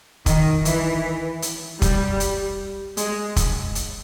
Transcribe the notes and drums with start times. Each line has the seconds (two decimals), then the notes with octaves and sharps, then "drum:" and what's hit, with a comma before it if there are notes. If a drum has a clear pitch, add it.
0.26 D#3, drum: kick, hi-hat
0.65 E3, drum: hi-hat
1.42 drum: hi-hat
1.82 G3, drum: kick, hi-hat
2.20 drum: hi-hat
2.97 G#3, drum: hi-hat
3.36 drum: kick, hi-hat
3.75 drum: hi-hat